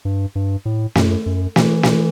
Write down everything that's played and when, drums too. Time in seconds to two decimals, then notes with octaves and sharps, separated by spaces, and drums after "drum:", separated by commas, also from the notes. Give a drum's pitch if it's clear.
0.05 G2
0.35 G2
0.65 A2
0.95 F#2, drum: snare
1.26 F#2
1.56 E3, drum: snare
1.83 drum: snare